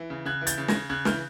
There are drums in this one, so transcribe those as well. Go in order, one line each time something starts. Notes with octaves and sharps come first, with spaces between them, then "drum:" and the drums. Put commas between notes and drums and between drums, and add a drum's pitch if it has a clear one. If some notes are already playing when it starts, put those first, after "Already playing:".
Already playing: E3
C#3
C#3 F#6 G#6
E3
G6 A6, drum: hi-hat
C#3
C#3 G#6 A#6, drum: snare
C#3 F#6 G#6
E3 F6 G6, drum: snare